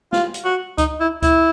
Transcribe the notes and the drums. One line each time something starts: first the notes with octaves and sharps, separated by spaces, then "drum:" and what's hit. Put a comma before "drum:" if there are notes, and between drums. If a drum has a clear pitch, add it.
F4, drum: snare
drum: hi-hat
F#4
D#4, drum: kick C#2, hi-hat
E4
E4, drum: kick C#2, hi-hat